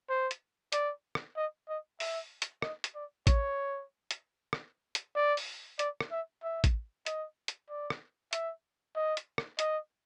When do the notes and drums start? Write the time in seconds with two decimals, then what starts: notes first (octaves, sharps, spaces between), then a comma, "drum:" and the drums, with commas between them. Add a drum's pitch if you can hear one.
0.09 C5
0.31 drum: hi-hat
0.72 D5, drum: hi-hat
1.15 drum: rim click
1.37 D#5
1.69 D#5
2.00 E5, drum: open hi-hat
2.42 drum: hi-hat
2.62 D#5, drum: rim click
2.84 drum: hi-hat
2.95 D5
3.27 C#5, drum: kick A1, hi-hat
4.11 drum: hi-hat
4.53 drum: rim click
4.95 drum: hi-hat
5.16 D5
5.37 drum: open hi-hat
5.79 D5, drum: hi-hat
6.01 drum: rim click
6.11 E5
6.43 E5
6.64 drum: kick A1, hi-hat
7.06 D#5, drum: hi-hat
7.48 drum: hi-hat
7.69 D5
7.90 drum: rim click
8.33 E5, drum: hi-hat
8.96 D#5
9.17 drum: hi-hat
9.38 drum: rim click
9.59 D#5, drum: hi-hat